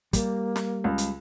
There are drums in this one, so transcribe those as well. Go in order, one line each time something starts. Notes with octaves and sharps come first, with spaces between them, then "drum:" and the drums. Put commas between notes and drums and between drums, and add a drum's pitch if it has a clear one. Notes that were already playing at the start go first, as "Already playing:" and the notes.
G3 A#3, drum: kick, hi-hat
drum: snare
C#2
drum: hi-hat